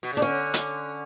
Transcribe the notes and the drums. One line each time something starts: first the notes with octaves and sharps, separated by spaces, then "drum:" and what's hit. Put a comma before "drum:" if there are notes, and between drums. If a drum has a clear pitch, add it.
B2
C#3 D4
D3 C#4
drum: hi-hat